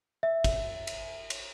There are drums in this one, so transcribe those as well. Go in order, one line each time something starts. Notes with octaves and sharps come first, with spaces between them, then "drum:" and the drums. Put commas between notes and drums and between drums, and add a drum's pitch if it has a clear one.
E5
drum: kick, cymbal
drum: cymbal
drum: cymbal